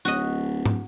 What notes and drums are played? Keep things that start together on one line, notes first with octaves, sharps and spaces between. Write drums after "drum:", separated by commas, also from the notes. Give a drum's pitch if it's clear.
D1 F#4 D#5
drum: tom